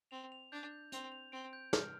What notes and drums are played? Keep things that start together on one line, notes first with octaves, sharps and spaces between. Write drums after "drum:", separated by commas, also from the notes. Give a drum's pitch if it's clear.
C4 F7
F7
D4 G6
G6
C4 F7, drum: hi-hat
F7
C4 D7
G6
F6, drum: snare